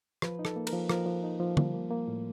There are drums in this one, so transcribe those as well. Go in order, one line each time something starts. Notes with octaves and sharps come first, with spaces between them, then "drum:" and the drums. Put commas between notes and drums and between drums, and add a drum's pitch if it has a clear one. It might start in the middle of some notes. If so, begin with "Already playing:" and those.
F3 B4, drum: rim click
D#4
A4, drum: rim click
A#3
A#4, drum: cymbal
F3
F3 A#4, drum: rim click
F3
D#4
F3
G3, drum: tom D3
A#3
A#3
A2